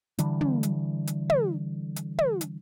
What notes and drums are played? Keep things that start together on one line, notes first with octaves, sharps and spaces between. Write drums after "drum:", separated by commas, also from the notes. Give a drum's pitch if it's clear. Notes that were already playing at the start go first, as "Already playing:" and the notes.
D3 E3 G3, drum: hi-hat
drum: tom
drum: hi-hat
drum: hi-hat
drum: tom
drum: hi-hat
drum: tom
drum: hi-hat